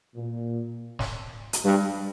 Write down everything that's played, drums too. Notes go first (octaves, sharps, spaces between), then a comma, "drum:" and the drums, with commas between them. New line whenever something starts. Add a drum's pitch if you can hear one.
A#2
drum: snare
drum: hi-hat
G2